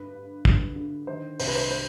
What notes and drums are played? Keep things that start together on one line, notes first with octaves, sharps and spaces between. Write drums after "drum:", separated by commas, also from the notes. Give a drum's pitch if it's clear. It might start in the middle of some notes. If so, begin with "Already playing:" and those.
Already playing: G2 D3 B4
G2
D3, drum: kick
D3
D#3 C5
C2 C5, drum: open hi-hat
B4
C5
C5